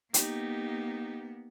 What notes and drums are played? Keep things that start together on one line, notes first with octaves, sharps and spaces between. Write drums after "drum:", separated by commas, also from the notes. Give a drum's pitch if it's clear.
A#3 B3 D#4 G4, drum: hi-hat